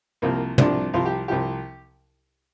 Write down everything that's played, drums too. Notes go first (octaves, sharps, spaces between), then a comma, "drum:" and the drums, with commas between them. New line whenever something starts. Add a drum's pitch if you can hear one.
C2 C3 F3 A#3
C2 C3 F3 D4, drum: tom
C2 C3 F3 F4
G4
C2 C3 F3 G4